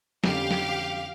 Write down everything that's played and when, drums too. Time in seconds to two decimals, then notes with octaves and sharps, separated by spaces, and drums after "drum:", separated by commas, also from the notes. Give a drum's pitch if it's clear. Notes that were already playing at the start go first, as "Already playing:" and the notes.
0.24 F2 D3 C#4 G4 F5, drum: snare
0.51 drum: snare